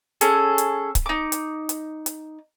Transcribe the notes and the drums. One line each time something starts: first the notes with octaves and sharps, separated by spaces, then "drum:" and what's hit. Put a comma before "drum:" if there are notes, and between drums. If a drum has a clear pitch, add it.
C#4 G#4 A4, drum: hi-hat
drum: hi-hat
drum: kick C#1, hi-hat
D#4 D6
drum: hi-hat
drum: hi-hat
drum: hi-hat